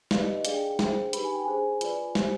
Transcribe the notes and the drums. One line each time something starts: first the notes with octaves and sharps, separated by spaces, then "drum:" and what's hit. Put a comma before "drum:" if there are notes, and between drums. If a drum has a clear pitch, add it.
D#4 G4 B4 D5 F5, drum: snare
D#5
D#5
D4 G#4 D5 F5, drum: hi-hat
G5
G5
D4 G#4 C5, drum: snare
D#4 G4 B4 B5, drum: hi-hat
G#5
G5
D4 G#4 C5 G#5
F4 B4 D5, drum: hi-hat
G4 C5, drum: snare